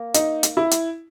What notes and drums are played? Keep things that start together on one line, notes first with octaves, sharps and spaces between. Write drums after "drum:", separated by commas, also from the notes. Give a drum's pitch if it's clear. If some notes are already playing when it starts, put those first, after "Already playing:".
Already playing: A#3
D#4, drum: hi-hat
drum: hi-hat
E4
drum: hi-hat